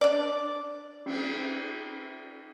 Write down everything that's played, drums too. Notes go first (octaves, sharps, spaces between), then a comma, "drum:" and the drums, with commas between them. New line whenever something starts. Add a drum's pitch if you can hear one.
D4 D5
drum: cymbal